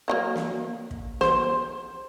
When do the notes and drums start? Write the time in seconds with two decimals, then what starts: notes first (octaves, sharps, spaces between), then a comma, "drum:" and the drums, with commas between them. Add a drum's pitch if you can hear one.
0.08 F3 F#3 A#3
0.35 drum: snare
0.91 drum: kick
1.21 C5, drum: snare